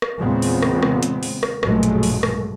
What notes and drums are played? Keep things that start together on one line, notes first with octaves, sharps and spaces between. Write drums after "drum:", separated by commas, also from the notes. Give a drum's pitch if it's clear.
drum: rim click
E2 A#2 C#3 G#3 B3 C4
drum: open hi-hat
drum: rim click
drum: rim click
drum: hi-hat
drum: open hi-hat
drum: rim click
A#1 G2 B2 F#3 G#3 A3, drum: rim click
drum: hi-hat
drum: open hi-hat
drum: rim click